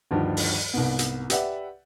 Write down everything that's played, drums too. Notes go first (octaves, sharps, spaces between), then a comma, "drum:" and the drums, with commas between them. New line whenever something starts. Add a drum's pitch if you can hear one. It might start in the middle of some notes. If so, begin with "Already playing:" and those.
D2 G2 D#3 F3
drum: open hi-hat
C2 G#2 B3
drum: hi-hat
G4 B4 D5 E5 F#5, drum: hi-hat